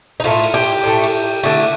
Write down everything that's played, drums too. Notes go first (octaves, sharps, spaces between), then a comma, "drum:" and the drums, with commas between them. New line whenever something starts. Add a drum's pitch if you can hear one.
D#4
A2 A3 F4, drum: cymbal
drum: cymbal
G4
drum: cymbal
A2 A3
drum: cymbal
D3 A3, drum: cymbal